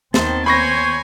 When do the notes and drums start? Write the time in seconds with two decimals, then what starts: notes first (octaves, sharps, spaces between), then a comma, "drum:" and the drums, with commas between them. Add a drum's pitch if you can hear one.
0.14 D#2 D#3 B3 C4 C5 A5, drum: snare
0.46 C5 C#5 G#5 B5 C#6 A#6